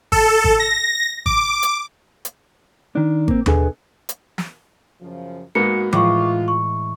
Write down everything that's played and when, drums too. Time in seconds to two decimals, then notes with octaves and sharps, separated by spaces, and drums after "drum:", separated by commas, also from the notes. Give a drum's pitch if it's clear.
0.12 A4, drum: kick G#1
0.44 drum: kick G#1
0.60 A#6
1.26 D6, drum: kick G#1
1.63 drum: hi-hat
2.25 drum: hi-hat
2.95 D#3 D4
3.28 A#3 C4, drum: kick G#1
3.46 B2 B3 D4 G#4 A4 G#5, drum: tom D#2
4.09 drum: hi-hat
4.38 drum: snare
5.01 F#2 C#3 F3
5.55 G#2 A#3 B3 F#4 C#7
5.93 A2 E3 G#3 F4 C#6 D6, drum: tom F3
6.48 C#6